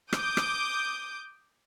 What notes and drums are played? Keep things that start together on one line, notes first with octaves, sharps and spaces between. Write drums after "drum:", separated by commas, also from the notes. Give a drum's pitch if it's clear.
D6 D#6 G6, drum: rim click
drum: rim click